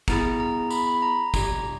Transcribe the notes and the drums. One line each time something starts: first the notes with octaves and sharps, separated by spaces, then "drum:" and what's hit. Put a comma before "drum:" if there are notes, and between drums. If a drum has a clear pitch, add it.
B3 E4 G#4 A#5, drum: kick, tambourine
A#5
B5, drum: tambourine
B5
A#5
D4 G4 A#5, drum: kick, tambourine